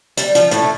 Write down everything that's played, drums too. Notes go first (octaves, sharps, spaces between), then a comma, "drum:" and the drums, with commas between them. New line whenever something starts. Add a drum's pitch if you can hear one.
G3, drum: hi-hat
F3, drum: hi-hat
A2 A3, drum: hi-hat
A3